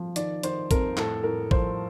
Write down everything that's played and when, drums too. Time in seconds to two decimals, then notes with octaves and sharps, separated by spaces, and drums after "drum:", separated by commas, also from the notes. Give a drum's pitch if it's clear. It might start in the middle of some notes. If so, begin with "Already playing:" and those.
Already playing: F3
0.16 D#3 D5, drum: hi-hat
0.43 D#3 C5, drum: hi-hat
0.71 F2 A#4, drum: kick A1, hi-hat
0.97 A2 A4, drum: clap
1.23 A2 A#4
1.51 F3 C5, drum: kick A1